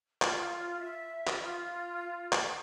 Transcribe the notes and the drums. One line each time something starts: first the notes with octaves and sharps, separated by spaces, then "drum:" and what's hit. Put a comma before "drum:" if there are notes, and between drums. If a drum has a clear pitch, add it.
F4, drum: clap
E5
drum: clap
F4
drum: clap